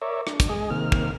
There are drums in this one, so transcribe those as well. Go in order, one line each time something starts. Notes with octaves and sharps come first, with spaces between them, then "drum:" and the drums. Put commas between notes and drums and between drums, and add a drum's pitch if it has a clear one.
A#4 C#5 D5 E5
D4, drum: rim click
drum: kick, hi-hat
G#3 G#4 D#5
C3 D#3 A#3 F6
drum: kick